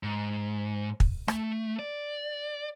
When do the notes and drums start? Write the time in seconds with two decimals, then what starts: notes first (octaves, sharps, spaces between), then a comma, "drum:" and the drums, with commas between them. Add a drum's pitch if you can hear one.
0.03 G#2
1.00 drum: kick
1.28 A3, drum: rim click
1.79 D5